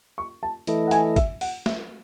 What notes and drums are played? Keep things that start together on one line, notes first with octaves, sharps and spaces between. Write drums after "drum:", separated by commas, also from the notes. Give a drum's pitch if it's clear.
C#6
A5
E3 A3 E4 A4 D#5, drum: hi-hat
F#5
G#5, drum: hi-hat
E5, drum: kick G#1, hi-hat
F#5, drum: open hi-hat
E5, drum: snare